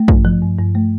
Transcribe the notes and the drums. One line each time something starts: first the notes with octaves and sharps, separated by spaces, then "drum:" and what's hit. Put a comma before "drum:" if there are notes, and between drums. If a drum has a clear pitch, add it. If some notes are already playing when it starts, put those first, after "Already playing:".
Already playing: A3
G2, drum: kick
F3
G2
G2
A3